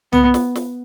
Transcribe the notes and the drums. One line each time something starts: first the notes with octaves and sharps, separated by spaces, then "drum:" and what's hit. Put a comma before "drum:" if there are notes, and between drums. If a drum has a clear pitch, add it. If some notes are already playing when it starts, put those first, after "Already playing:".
B3, drum: tom
drum: snare
drum: snare